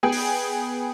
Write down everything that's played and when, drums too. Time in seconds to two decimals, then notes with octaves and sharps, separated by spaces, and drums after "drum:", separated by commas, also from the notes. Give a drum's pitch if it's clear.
0.03 B3 G#4 G5
0.12 drum: open hi-hat